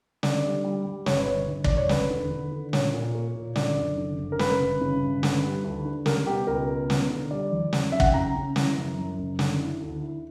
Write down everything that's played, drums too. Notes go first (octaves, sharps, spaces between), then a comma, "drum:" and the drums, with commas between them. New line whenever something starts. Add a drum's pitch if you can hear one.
D3 D5, drum: snare
G3
G3
G3
G1 C#5, drum: snare
B4
G1 C#5
G1
G1 D5, drum: kick
C#5
E1 B4, drum: snare
D3
D3
D3
A#2 C#5, drum: snare
A#2
A#3
A#2
D3 D5, drum: snare
F#1
D3
F#1
A#4
C#3 B4, drum: snare
G1
C#3
G1
D3, drum: snare
G3
D2
D3
G3 A#4, drum: snare
B2 G4
C#2 A#4
B2
B3, drum: snare
D3
G3 D5
E2
F#3, drum: snare
C#3 E5
F#5, drum: kick
G5
C#3 A#5
C#3
E3, drum: snare
F#2
F#2
F#1
D3, drum: snare
E4
D2
E4